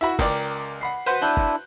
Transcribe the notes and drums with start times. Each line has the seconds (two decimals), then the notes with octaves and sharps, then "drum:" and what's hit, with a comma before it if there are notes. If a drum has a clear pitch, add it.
0.01 E4 F#4 E5 B5
0.19 C#2 A#4 D5 G5 D6, drum: kick
0.81 F#5 B5 C7
1.06 F#4 B4 C5
1.22 D4 E4 F#6 G6
1.37 drum: kick